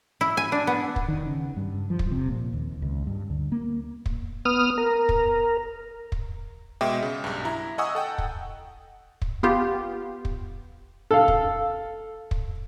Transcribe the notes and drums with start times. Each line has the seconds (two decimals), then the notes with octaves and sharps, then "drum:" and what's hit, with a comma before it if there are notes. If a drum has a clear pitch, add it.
0.21 E4
0.37 G#5
0.52 D4
0.67 B3
0.96 drum: kick
1.08 D#3
1.26 C#3
1.57 G2
1.90 F3
1.99 drum: kick
2.12 C3
2.29 A#2
2.53 D#2
2.82 C#2
3.07 G2
3.30 D2
3.52 A#3
4.06 drum: kick
4.45 B3 D#6 F6
4.78 A#4
5.09 drum: kick
6.12 drum: kick
6.81 B2 G#3 E5 G5 D6
7.03 C#3
7.24 B1 G2
7.45 E4 A#5
7.78 D#5 F#5 G#5 C#6 D#6 E6
7.95 A4 F#5 G5
8.18 drum: kick
9.22 drum: kick
9.43 B3 F4 G4
10.25 drum: kick
11.11 A4 F5
11.28 drum: kick
12.31 drum: kick